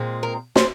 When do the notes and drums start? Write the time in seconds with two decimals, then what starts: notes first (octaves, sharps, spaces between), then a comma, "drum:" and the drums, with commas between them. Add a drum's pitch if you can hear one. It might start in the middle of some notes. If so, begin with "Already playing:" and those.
Already playing: A#2 G#3 C4
0.23 A#4
0.56 C5, drum: snare